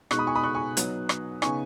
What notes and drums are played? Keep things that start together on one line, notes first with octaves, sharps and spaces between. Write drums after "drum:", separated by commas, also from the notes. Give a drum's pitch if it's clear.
B2 G#3 D#4 C#6 F#6, drum: rim click
B5 D#6
G#5 C#6
B5 D#6
C#6 F#6
G#5 C#6
F#3 B3 D#4, drum: hi-hat
drum: rim click
C#3 B3 D#4 G#5 C#6, drum: rim click